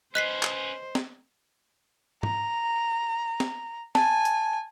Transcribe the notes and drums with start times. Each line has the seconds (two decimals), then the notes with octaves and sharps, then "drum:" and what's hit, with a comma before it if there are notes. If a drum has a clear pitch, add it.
0.15 C#4 B4 C5 D#5 F#6 B6 C7
0.43 drum: clap
0.95 drum: snare
2.23 A#5, drum: tom
3.40 drum: snare
3.95 G#5 A5, drum: snare
4.25 drum: hi-hat